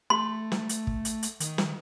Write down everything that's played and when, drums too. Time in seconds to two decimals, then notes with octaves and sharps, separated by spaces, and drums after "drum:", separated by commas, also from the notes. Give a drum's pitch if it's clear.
0.10 A3 C6
0.52 drum: snare
0.69 drum: hi-hat
0.87 drum: kick
1.05 drum: hi-hat
1.23 drum: hi-hat
1.40 D#3, drum: hi-hat
1.58 drum: snare